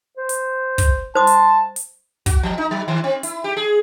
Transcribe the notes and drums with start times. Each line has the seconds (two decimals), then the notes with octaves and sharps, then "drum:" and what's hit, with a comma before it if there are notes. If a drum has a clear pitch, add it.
0.17 C5
0.29 drum: hi-hat
0.78 drum: kick, hi-hat
1.15 C5 A5 C6 D#6
1.27 drum: hi-hat
1.76 drum: hi-hat
2.26 F#4, drum: kick, hi-hat
2.43 F3
2.58 D#4
2.71 F#3
2.88 D#3
3.04 C4
3.23 E4, drum: hi-hat
3.44 G4
3.57 G#4